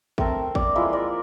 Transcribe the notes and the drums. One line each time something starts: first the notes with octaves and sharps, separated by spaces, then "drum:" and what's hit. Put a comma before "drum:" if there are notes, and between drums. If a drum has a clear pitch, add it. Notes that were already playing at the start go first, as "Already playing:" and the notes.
A3 C4 A4 A#4, drum: kick
D5, drum: kick
F3 G#3 A#3 E4
A#4 D5